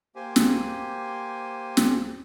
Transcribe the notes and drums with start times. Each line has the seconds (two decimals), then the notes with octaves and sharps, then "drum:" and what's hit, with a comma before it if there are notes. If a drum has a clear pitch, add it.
0.16 A#3 G4 C5 G#5
0.36 drum: snare
1.77 drum: snare